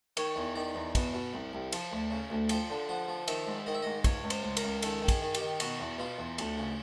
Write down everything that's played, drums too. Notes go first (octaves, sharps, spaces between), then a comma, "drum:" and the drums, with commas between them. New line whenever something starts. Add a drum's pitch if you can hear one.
D#3 C#5, drum: cymbal
E2
D#3 D5
E2
B2, drum: kick, cymbal
B2
C2
C2
F3, drum: cymbal
D2
C#3
D2
F3 G5, drum: cymbal
D3
F3 F#5
F3
D#3 E5, drum: cymbal
G#2
D#3 D#5
E5
G#2 D#5
C#2 C#5, drum: kick, cymbal
C#2
C5, drum: cymbal
C#2
A#4, drum: cymbal
C#2
D#3 A4, drum: cymbal
D#3
G#4, drum: kick, cymbal
D#3
G4, drum: cymbal
D#3
B2 F#4, drum: cymbal
E2
B2 F4
E2
D2, drum: cymbal
C#3